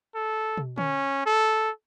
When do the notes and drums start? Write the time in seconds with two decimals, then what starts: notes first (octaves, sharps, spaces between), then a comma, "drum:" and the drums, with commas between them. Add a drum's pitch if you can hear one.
0.15 A4
0.58 drum: tom
0.78 C#4, drum: tom D3
1.26 A4